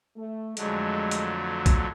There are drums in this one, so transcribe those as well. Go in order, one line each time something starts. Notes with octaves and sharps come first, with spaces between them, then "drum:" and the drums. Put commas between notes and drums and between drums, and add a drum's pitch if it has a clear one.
A3
F2 D3 F#3 G#3 A3, drum: hi-hat
drum: hi-hat
drum: kick, hi-hat